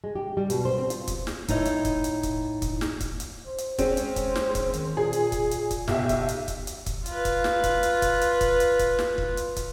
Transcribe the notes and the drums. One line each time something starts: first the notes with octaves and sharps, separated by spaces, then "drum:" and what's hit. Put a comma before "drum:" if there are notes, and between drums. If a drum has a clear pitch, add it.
G#3
G4
G3
B2, drum: hi-hat
C5
C4
F4, drum: hi-hat
drum: kick, hi-hat
drum: snare
A2 D#4 E4 C#5 D#5, drum: kick, hi-hat
drum: hi-hat
drum: kick, hi-hat
drum: hi-hat
drum: kick, hi-hat
drum: kick, hi-hat
drum: snare
drum: kick, hi-hat
drum: hi-hat
C5
drum: hi-hat
G#3 C4 C#4, drum: kick, hi-hat
drum: hi-hat
drum: kick, hi-hat
drum: snare
drum: kick, hi-hat
D#3, drum: hi-hat
A#2 G#4
drum: hi-hat
drum: kick, hi-hat
drum: hi-hat
drum: kick, hi-hat
B1 G4 E5, drum: snare
drum: kick, hi-hat
drum: hi-hat
drum: kick, hi-hat
drum: hi-hat
drum: kick, hi-hat
F4 B4, drum: hi-hat
drum: kick, hi-hat
drum: snare
drum: kick, hi-hat
drum: hi-hat
drum: kick, hi-hat
drum: hi-hat
drum: kick, hi-hat
drum: hi-hat
drum: kick, hi-hat
drum: snare
drum: kick
drum: hi-hat
drum: kick, hi-hat